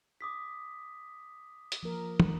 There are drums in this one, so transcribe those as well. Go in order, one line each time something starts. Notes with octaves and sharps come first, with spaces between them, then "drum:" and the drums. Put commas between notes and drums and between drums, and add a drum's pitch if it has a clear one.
D6 D#6 B6
drum: hi-hat
F3 A#3 A#4
drum: tom